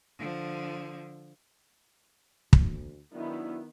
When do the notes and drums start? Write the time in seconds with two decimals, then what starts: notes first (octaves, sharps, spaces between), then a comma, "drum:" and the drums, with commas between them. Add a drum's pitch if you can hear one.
0.18 D3 F3
2.53 D2, drum: kick
3.14 D#3 F#3 B3 D4 E4